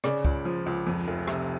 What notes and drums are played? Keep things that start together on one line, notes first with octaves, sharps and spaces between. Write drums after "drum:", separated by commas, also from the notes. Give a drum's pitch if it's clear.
C#3 D5, drum: rim click
C#2, drum: kick C#2
F3
C#2
F2
F1
C3, drum: rim click